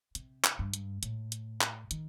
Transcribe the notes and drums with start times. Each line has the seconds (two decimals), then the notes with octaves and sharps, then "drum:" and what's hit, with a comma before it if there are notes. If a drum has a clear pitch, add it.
0.15 C3, drum: hi-hat
0.44 drum: clap
0.59 G2
0.74 drum: hi-hat
1.03 A2, drum: hi-hat
1.32 drum: hi-hat
1.61 drum: clap
1.91 D#3, drum: hi-hat